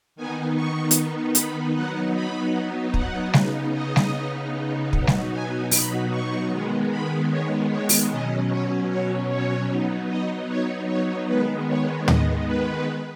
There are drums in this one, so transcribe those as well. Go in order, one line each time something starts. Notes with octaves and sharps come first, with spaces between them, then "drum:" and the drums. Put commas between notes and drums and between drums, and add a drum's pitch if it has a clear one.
D#3 B3 D#4 G#5
C#6
drum: hi-hat
B5, drum: hi-hat
F#3 B3 D#4 F#5
B5
F#5, drum: kick
C#3 B3 D#4, drum: snare G3
D#5
drum: snare G3
B2 F#3 B3 D#4, drum: kick
drum: snare G3
G#5
B5, drum: open hi-hat
C#6
D#3 G#3 B3
B5
C#5
C#5
drum: open hi-hat
B2 F#3 C#4 D#5
C#5
C#5
C#5
F#3 B3 D#4
D#5
C#5
C#5
D#3 G#3 B3 B4
C#5
D#5, drum: tom
B4